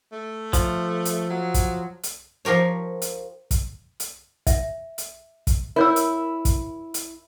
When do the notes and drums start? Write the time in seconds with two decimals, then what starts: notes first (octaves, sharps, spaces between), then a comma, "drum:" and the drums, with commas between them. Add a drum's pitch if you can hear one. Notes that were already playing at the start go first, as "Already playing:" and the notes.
0.12 A3
0.53 F3, drum: kick, hi-hat
1.05 drum: hi-hat
1.30 F#3
1.54 drum: kick, hi-hat
2.03 drum: hi-hat
2.45 F3 G4 A#4 C#5
3.02 drum: hi-hat
3.51 drum: kick, hi-hat
4.00 drum: hi-hat
4.47 E5, drum: kick, hi-hat
4.98 drum: hi-hat
5.47 drum: kick, hi-hat
5.76 E4 A#4 C#5 E6
5.96 drum: hi-hat
6.45 drum: kick, hi-hat
6.94 drum: hi-hat